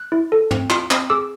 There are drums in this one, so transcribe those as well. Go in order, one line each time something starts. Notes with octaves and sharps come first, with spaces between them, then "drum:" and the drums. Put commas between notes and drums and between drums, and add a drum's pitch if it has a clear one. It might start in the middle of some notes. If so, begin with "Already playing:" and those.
Already playing: F#6
E4
A4
C4, drum: tom
F4, drum: clap
C4, drum: clap
G#4 D6 E6